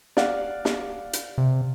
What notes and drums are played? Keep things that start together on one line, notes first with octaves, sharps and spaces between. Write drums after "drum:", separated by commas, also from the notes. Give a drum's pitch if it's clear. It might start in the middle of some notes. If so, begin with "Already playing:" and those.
D5 F5 F#5, drum: snare
drum: snare
drum: hi-hat
C3